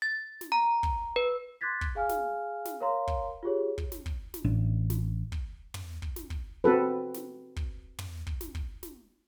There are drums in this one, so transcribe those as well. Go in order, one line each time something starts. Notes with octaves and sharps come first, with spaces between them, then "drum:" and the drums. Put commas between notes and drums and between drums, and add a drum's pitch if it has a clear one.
A6
drum: snare
A#5
drum: kick
B4
C6 D6 F#6 G#6 A6 B6
drum: kick
G#4 F5 G#5 F6
drum: snare
drum: snare
A#4 C#5 F5 A#5 C6
drum: kick
F4 G4 G#4 C#5
drum: kick
drum: snare
drum: kick
drum: snare
A1 D4
drum: snare
drum: kick
drum: tom
drum: kick
drum: snare
drum: kick
C4 F#4 A4 B4
drum: snare
drum: kick
drum: tom
drum: kick
drum: snare
drum: kick
drum: snare